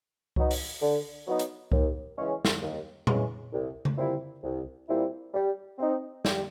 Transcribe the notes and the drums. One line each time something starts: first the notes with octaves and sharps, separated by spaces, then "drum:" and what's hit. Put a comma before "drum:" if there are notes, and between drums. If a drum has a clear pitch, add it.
F#3 B3 D#4, drum: kick C2
drum: open hi-hat
D3
F#3 B3 D#4
drum: hi-hat
D#2, drum: kick C2
C#3 E3 G#3 C#4
drum: snare
D#2
C#3 E3 G#3 C#4, drum: tom A#2
C2
drum: tom C#3
A#2 G3 C4 E4
C2
A#2 G3 C4 E4
G3
C4 D#4
G3, drum: snare